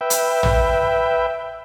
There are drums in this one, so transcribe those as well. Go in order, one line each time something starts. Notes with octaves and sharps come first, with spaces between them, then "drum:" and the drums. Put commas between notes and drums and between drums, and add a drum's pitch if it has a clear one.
B4 E5 G5
drum: hi-hat
drum: tom